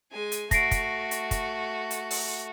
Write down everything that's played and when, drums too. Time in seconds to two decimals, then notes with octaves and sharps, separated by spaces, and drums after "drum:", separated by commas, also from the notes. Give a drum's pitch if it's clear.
0.12 G#3 G#5
0.32 drum: hi-hat
0.51 A3 F#4 A#6 C7 D7, drum: kick, hi-hat
0.71 drum: kick, hi-hat
1.11 drum: hi-hat
1.31 drum: kick, hi-hat
1.91 drum: hi-hat
2.10 drum: open hi-hat